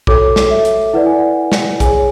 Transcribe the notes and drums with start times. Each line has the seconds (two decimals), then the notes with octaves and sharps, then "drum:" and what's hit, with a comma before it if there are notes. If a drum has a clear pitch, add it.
0.07 F#4 A4 C#5 D6, drum: kick A#1
0.36 drum: snare
0.51 E5
0.65 drum: hi-hat
0.93 E4 B4 D5 F#5
1.06 G#5
1.18 F#5
1.52 drum: snare
1.80 G#4 C#5 G#5, drum: kick A#1, hi-hat